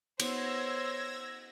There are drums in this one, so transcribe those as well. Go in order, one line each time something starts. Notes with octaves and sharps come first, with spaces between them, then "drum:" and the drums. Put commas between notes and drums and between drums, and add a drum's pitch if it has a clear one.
B3 C5 C#5 E6 G#6 A#6, drum: cymbal